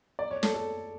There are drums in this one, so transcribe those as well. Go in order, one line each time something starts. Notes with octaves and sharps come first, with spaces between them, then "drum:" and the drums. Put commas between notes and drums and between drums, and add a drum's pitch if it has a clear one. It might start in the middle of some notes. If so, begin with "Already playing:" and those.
D5
C#5
A4, drum: snare
A4